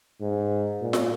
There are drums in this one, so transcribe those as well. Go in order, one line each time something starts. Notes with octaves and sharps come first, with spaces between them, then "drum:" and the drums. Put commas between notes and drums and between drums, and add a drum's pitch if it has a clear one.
G#2
A#2
drum: snare